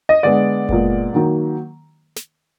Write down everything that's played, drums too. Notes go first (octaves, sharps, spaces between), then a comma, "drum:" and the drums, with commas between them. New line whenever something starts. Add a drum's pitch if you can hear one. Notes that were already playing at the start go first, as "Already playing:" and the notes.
D#5
D3 G#3 B3 D5
A#2 G#3 B3, drum: kick F#1
D#3 F#3 A#3
drum: snare